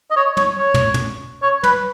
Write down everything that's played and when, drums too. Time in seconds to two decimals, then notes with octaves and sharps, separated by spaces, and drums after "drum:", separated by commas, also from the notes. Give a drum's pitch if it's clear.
0.11 D#5
0.16 C#5
0.37 C#5, drum: tom
0.58 C#5
0.74 drum: tom
0.94 drum: tom
1.42 C#5
1.63 B4, drum: tom